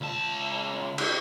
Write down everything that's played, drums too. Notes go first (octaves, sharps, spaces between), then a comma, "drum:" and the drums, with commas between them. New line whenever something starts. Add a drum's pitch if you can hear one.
C#2 A5
drum: cymbal